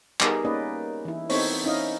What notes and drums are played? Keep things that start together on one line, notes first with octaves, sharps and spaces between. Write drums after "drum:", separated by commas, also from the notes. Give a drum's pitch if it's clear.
G3 B3 D#4 G#4 A#4, drum: clap
A#3 C#4 D#4 B4 D5 D#5
E3 E4
B3 C4 D#4 A4 C5 C#5, drum: open hi-hat
C#4 D#4 E4 D#5 F5